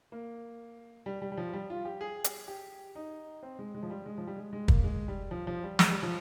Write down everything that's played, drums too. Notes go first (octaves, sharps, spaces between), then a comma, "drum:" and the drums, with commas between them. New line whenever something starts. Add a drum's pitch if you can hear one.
A#3
G3
G3
G3
F3
G3
F4
G4
G#4
drum: hi-hat
G4
D#4
C4
G#3
G#3
F3
G3
G#3
F3
G3
G#3
G#3
A#3, drum: kick
G#3
G3
F3
F3
G3
G#3, drum: snare
G3
F3